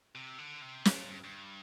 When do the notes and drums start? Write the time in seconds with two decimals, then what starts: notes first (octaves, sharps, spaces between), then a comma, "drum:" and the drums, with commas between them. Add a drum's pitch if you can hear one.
0.15 C3
0.38 D3
0.62 C3
0.85 A#2, drum: snare
1.09 G2
1.24 G2